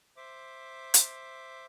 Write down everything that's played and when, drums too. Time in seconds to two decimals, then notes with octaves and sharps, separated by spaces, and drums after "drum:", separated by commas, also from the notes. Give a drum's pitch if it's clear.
0.17 C5 E5 D6
0.94 drum: hi-hat